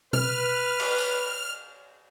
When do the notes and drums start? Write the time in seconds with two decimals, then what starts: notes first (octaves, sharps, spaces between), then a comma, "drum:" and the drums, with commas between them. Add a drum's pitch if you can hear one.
0.13 B4 F6, drum: tom B2
0.80 drum: cymbal
0.98 drum: tambourine